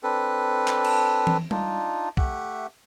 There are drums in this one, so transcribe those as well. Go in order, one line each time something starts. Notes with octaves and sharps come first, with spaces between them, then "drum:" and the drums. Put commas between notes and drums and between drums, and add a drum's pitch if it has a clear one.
C4 D4 A4 B4
drum: clap
drum: cymbal
drum: tom E3
D4 D#4 F4, drum: tom G3
A3 G4 E5 F#5, drum: kick